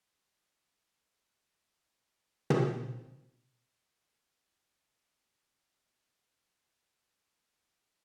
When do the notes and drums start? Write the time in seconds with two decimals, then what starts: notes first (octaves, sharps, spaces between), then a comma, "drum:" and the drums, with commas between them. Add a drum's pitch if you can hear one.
0.14 C#4 F#4
0.57 A4
1.41 D#3 D4
1.97 C#4
2.50 drum: tom
3.77 A#4 C5
3.91 C4 F#5
4.08 B4 G5 D6
4.36 B3 D4 D#4 F4
4.51 F5 A5
4.80 E6
6.14 G#2 B4 D#5 F6